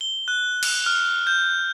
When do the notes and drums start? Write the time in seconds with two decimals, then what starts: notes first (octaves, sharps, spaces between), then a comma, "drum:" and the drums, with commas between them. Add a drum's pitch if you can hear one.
0.01 G7
0.28 F#6
0.63 drum: cymbal
0.86 F6
1.27 G6